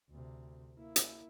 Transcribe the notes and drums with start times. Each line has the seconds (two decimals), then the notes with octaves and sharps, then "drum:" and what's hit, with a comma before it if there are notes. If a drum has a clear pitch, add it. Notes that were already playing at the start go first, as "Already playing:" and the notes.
0.10 D2 C3
0.76 A#3 E4
0.96 drum: hi-hat